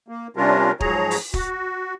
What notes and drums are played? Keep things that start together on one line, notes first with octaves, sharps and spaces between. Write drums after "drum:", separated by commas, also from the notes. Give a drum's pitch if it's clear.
A#3
C3 G3 C#4 D4 F4 A#4
G#2 F3 F#3 G#4 C#5 A#5, drum: kick
drum: open hi-hat
F#4, drum: kick